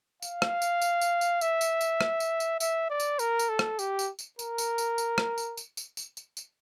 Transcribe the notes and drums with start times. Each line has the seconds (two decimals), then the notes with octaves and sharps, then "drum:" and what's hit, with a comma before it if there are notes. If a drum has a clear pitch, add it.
0.22 F5, drum: tambourine
0.42 drum: rim click
0.62 drum: tambourine
0.82 drum: tambourine
1.01 drum: tambourine
1.21 drum: tambourine
1.41 E5, drum: tambourine
1.61 drum: tambourine
1.81 drum: tambourine
2.01 drum: rim click
2.20 drum: tambourine
2.40 drum: tambourine
2.60 E5, drum: tambourine
2.90 D5
3.00 drum: tambourine
3.19 A#4, drum: tambourine
3.39 drum: tambourine
3.49 A4
3.59 drum: rim click
3.79 G4, drum: tambourine
3.99 drum: tambourine
4.19 drum: tambourine
4.39 A#4, drum: tambourine
4.58 drum: tambourine
4.78 drum: tambourine
4.98 drum: tambourine
5.18 drum: rim click
5.38 drum: tambourine
5.57 drum: tambourine
5.77 drum: tambourine
5.97 drum: tambourine
6.17 drum: tambourine
6.37 drum: tambourine